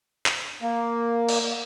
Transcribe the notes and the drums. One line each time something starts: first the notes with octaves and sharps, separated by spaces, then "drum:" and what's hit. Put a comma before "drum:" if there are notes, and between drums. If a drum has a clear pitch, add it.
drum: clap
A#3
drum: cymbal